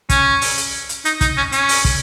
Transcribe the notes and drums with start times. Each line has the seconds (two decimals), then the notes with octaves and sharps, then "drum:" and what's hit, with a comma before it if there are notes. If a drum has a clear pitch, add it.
0.10 C#4, drum: kick, hi-hat
0.41 drum: open hi-hat
0.57 drum: hi-hat
0.89 drum: hi-hat
1.05 D#4, drum: hi-hat
1.21 D#4, drum: kick, hi-hat
1.37 C#4
1.52 C#4, drum: hi-hat
1.69 drum: open hi-hat
1.85 drum: kick